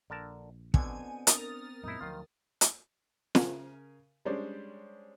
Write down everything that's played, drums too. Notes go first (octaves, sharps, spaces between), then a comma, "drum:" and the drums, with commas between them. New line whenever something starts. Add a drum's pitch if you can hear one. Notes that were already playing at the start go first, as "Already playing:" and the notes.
A#1 D3 A#4 A5
B2 D3 B3 C4 G#5, drum: kick
D4 A#4 D#6 A6, drum: hi-hat
F#2 A#2 G#3 D#4 E4
D2 D#3 F3 F#3 F4
drum: hi-hat
C#3 A#4 G#5, drum: snare
G3 G#3 C#4 D4 C5 D5